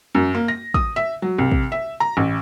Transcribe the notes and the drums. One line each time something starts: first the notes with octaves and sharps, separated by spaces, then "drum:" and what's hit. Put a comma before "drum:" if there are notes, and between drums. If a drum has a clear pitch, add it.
F#2
A#3
A#6
D#6, drum: kick
E5
F#3
C2
drum: kick
E5
A#5
A1